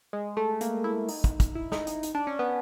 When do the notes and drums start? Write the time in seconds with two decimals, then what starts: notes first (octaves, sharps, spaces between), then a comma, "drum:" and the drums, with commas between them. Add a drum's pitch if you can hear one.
0.13 G#3
0.37 A3
0.61 A#3, drum: hi-hat
0.84 E4
1.08 D#4, drum: open hi-hat
1.24 drum: kick, hi-hat
1.40 drum: kick, hi-hat
1.55 E4
1.72 D#4, drum: snare
1.87 D#4, drum: hi-hat
2.03 D#4, drum: hi-hat
2.15 D4
2.27 C#4
2.39 B3